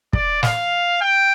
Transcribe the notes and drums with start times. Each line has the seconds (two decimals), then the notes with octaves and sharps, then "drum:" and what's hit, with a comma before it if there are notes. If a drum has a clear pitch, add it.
0.13 D5, drum: kick
0.43 F5, drum: snare
1.02 G5